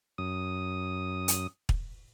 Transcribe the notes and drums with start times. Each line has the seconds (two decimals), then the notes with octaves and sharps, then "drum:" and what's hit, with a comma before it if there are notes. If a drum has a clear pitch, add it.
0.18 F#2 D#6
1.28 drum: hi-hat
1.69 drum: kick